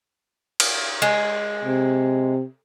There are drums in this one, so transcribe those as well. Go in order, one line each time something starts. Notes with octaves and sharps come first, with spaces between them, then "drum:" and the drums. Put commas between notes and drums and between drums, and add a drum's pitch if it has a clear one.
drum: cymbal
G#3
C3